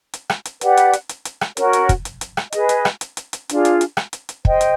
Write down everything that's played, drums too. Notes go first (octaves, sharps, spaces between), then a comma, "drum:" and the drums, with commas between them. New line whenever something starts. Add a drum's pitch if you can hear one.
drum: hi-hat
drum: rim click
drum: hi-hat
G4 B4 D5 F#5, drum: hi-hat
drum: hi-hat
drum: hi-hat
drum: hi-hat
drum: hi-hat
drum: rim click
C#4 F#4 A#4 C#5, drum: hi-hat
drum: hi-hat
drum: kick, hi-hat
drum: hi-hat
drum: hi-hat
drum: rim click
G#4 B4 D#5, drum: hi-hat
drum: hi-hat
drum: rim click
drum: hi-hat
drum: hi-hat
drum: hi-hat
D4 F4 G#4, drum: hi-hat
drum: hi-hat
drum: hi-hat
drum: rim click
drum: hi-hat
drum: hi-hat
C5 D#5 G5, drum: kick
drum: hi-hat